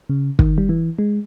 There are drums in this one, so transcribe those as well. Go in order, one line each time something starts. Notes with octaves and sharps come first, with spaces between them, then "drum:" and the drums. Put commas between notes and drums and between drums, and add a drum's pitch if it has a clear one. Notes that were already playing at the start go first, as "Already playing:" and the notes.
C#3
D#3, drum: kick
G3
E3
G#3